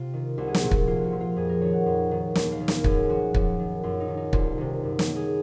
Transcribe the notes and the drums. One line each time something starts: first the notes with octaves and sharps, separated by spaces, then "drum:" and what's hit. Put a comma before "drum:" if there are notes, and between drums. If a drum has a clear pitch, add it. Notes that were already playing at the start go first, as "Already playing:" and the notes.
Already playing: C3 F4
D#3
C2 F#4
G#4
F#4, drum: snare
A#2 F3
F#4, drum: kick
C2 F4
F#4
A#2 F3
F4
F2 G#4
A#4
D#3 C#5
F#5
F2
D#3
D#2, drum: snare
F5
D#3
A#4, drum: snare
F#2 G#4, drum: kick
F3 F#4
F#2 F#4, drum: kick
D#3
F#2 F4
D#4
D#3
D#4
C2 F4, drum: kick
C3 D#3
F#2
A#4, drum: snare
D#3
G#4